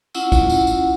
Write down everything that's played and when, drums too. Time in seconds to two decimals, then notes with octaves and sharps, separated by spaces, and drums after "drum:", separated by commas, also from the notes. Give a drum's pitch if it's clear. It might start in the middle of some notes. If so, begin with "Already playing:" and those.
0.14 C#4 E4 F4 F#5 E6, drum: tambourine
0.32 drum: kick, tambourine
0.49 drum: tambourine
0.67 drum: tambourine